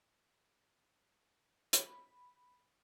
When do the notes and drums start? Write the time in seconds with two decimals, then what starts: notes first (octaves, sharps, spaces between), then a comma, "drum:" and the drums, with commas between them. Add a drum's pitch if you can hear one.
1.73 B5, drum: hi-hat